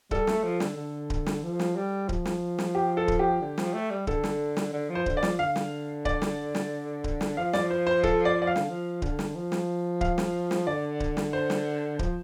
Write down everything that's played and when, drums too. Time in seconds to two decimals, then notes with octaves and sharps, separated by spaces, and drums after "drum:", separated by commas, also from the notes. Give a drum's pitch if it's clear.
0.11 G3 A4, drum: kick D1
0.27 A3, drum: snare
0.44 F3
0.60 D3, drum: snare
0.77 D3
1.10 drum: kick D1
1.26 drum: snare
1.43 F3
1.59 drum: snare
1.76 G3
2.09 F3, drum: kick D1
2.25 drum: snare
2.59 drum: snare
2.75 G4
2.97 A4
3.08 drum: kick D1
3.19 G4
3.41 D3
3.58 F3, drum: snare
3.74 A3
3.90 G3
4.07 D3 A4, drum: kick D1
4.24 drum: snare
4.57 drum: snare
4.73 D3
4.90 F3
4.95 C5
5.06 D3, drum: kick D1
5.17 D5
5.23 F3, drum: snare
5.39 D3 F5
5.56 drum: snare
6.05 D5, drum: kick D1
6.22 drum: snare
6.55 drum: snare
7.04 drum: kick D1
7.21 drum: snare
7.37 F3 F5
7.53 D5, drum: snare
7.70 C5
7.87 C5
8.03 A4, drum: kick D1
8.25 D5
8.42 D5
8.47 F5
8.56 D3, drum: snare
8.69 F3
9.02 D3, drum: kick D1
9.19 drum: snare
9.35 F3
9.52 drum: snare
10.01 F5, drum: kick D1
10.18 drum: snare
10.51 drum: snare
10.67 D3 D5
11.00 drum: kick D1
11.17 drum: snare
11.33 C5
11.50 drum: snare
11.99 F3, drum: kick D1